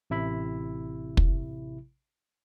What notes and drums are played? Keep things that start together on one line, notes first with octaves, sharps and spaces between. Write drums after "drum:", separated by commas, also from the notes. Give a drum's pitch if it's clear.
A1 C3 E4 E5 B5
drum: kick